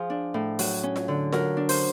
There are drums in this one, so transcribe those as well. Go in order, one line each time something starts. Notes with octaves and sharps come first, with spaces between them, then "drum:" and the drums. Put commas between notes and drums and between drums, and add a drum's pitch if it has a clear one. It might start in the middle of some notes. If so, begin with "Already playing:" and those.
Already playing: F3 G#4
D4
A2
F#3, drum: open hi-hat
C#4
drum: snare F4
D3
F#3 A#4, drum: snare F4
D4
C5, drum: open hi-hat